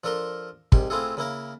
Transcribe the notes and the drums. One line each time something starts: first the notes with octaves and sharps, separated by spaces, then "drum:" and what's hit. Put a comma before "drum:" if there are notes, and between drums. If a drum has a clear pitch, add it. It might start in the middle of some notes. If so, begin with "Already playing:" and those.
F3 D4 A4 A#4 C6
C2 G#2 G4, drum: kick
A3 C4 E4 F4 G#4 A4
C#3 A#3 E4 A#4